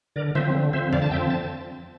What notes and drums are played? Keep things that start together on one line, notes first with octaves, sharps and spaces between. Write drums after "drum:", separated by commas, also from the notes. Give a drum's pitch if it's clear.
D3 A#4 D5
F3 C4 C5 E5, drum: tom
D3
F3 C4 C5 E5
D3 D5 F5, drum: tom F2
A5
F3 C4 E5 G5
A5